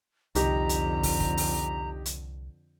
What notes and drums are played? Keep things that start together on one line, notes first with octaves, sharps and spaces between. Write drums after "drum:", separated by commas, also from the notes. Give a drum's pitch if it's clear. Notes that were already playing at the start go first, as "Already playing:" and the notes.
C2 F2 D3 D#4 G4 A#5, drum: hi-hat
drum: hi-hat
drum: kick, open hi-hat
drum: kick
drum: open hi-hat
drum: hi-hat